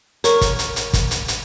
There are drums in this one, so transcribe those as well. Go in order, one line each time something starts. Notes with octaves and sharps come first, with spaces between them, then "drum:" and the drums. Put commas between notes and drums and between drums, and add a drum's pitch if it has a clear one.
A#4 C#5 C#6, drum: hi-hat
drum: kick, hi-hat
drum: hi-hat
drum: hi-hat
drum: kick, hi-hat
drum: hi-hat
drum: hi-hat